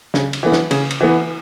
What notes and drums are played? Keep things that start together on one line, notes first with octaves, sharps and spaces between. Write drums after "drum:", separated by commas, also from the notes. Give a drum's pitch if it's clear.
C#3, drum: snare
drum: cymbal
E3 B3
drum: snare
C#3, drum: cymbal
drum: cymbal
E3 B3